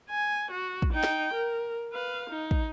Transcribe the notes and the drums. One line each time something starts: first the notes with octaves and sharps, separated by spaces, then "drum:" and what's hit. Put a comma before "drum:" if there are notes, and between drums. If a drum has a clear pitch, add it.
G#5
F#4
drum: kick
D#4 G5
drum: snare
A#4
B4 F5
D#4
drum: kick